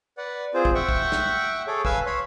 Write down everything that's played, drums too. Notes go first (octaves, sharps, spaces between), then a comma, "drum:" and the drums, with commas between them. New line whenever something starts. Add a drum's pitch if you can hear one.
B4 D5 F#5
C4 F4 G#4 C5
drum: kick
E5 F#5 G5 C#6
drum: kick
drum: snare
G#4 A4 C#5 D6
B4 F5 G#5 E6, drum: kick
C#5 B5 C6